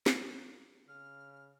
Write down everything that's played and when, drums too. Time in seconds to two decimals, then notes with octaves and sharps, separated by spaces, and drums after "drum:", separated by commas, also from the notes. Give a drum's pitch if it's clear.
0.06 drum: snare
0.88 C#3 F6